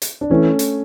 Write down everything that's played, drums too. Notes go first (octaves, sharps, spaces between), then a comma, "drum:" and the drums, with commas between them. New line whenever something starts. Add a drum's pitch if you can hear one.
drum: hi-hat
D4
E3 A3 C#4
drum: hi-hat